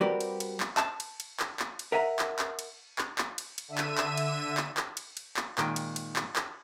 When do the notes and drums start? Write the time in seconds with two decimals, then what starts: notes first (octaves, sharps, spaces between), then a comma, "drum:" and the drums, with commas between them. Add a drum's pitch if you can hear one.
0.01 G3 C4 F#4 G4 A#4 B4
0.21 drum: cymbal
0.40 drum: cymbal
0.60 drum: clap
0.77 A5, drum: clap
1.00 drum: cymbal
1.20 drum: cymbal
1.40 drum: clap
1.59 drum: clap
1.79 drum: cymbal
1.92 A#4 E5 F#5 G#5 A#5
2.19 drum: clap
2.39 drum: clap
2.59 drum: cymbal
2.98 drum: clap
3.18 drum: clap
3.38 drum: cymbal
3.58 drum: cymbal
3.68 D3 E5 E6 D#7
3.78 drum: clap
3.98 drum: clap
4.17 drum: cymbal
4.57 drum: clap
4.77 drum: clap
4.97 drum: cymbal
5.17 drum: cymbal
5.37 drum: clap
5.58 A#2 D#3 G#3 G5 G#5, drum: clap
5.76 drum: cymbal
5.96 drum: cymbal
6.16 drum: clap
6.36 drum: clap